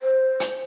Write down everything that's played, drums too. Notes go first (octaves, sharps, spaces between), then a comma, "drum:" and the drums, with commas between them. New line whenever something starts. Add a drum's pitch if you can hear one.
C5
drum: hi-hat